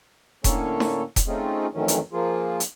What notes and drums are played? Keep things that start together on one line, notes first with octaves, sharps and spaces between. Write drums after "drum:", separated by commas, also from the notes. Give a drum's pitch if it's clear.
A2 D3 A#3 C#4 A4 C#5, drum: kick E1, hi-hat
drum: snare D#4
drum: kick E1, hi-hat
A3 C4 C#4 D#4 F4 G#4
F2 A2 D#3 E3 F#3 C#4
drum: hi-hat
F3 A#3 F4 G#4
drum: hi-hat